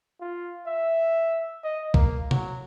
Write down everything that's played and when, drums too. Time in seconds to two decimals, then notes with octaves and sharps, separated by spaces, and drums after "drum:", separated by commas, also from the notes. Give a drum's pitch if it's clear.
0.21 F4
0.67 E5
1.64 D#5
1.94 A#3, drum: kick B1
2.31 F#3, drum: tom C3